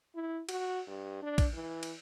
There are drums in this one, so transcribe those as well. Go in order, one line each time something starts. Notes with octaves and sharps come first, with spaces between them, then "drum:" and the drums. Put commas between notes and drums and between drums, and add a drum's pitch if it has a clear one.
E4
F#4, drum: cymbal
G2
D4
drum: kick, cymbal
E3
drum: cymbal